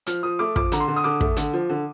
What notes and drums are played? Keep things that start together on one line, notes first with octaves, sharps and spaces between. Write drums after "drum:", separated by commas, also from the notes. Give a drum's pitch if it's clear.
F3 F6, drum: hi-hat
F3 D#6
A3 D6
F3 D6, drum: kick
D3 A#5, drum: hi-hat
C6
D3
D#6
D3 D6
A3, drum: kick
D3, drum: hi-hat
F3
D3